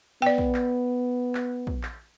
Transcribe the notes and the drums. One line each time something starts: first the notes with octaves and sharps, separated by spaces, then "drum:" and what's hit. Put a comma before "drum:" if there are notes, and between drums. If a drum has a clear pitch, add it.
B3 D5 G5
drum: kick
drum: clap
drum: clap
drum: kick
drum: clap